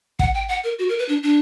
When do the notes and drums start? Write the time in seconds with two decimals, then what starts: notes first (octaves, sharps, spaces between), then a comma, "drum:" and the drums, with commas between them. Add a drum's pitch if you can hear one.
0.19 F#5, drum: kick
0.35 G5
0.49 F#5
0.64 A#4
0.79 F#4
0.89 A#4
0.99 B4
1.09 D4
1.23 D4